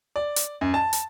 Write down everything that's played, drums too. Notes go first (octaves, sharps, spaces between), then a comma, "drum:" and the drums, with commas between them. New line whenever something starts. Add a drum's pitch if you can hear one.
D5
drum: hi-hat
F#2
A5
drum: hi-hat